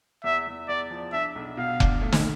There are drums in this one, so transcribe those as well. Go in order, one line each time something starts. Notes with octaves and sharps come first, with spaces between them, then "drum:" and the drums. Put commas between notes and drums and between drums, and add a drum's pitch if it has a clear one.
E2 E5
E2
E2 D5
F3
D4 E5
B1
B2 F5
D4, drum: kick F1
A3
drum: snare